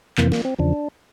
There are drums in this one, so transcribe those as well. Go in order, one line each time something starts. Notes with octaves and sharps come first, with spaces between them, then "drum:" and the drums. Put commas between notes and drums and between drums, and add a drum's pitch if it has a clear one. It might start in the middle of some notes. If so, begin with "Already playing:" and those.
F2 C3 E3 A#3, drum: clap
A#3, drum: snare
C4
E2 C#3 F3 D4